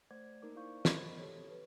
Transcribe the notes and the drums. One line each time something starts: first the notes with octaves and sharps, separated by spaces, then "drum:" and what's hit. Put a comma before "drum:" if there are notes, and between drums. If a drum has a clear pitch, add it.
A3 C5 D5 F#5 D6 G#6
A#3 D#4 A#4 D6
E4 C5 D5 F5 C#6 G6
A#4 C5 D#5 B5, drum: snare
G4 A4 C#5
B4